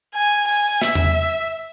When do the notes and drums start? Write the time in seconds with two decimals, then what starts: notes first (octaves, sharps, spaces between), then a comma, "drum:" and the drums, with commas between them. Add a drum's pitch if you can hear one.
0.15 G#5
0.48 G#5, drum: open hi-hat
0.82 E5, drum: snare
0.95 drum: tom E2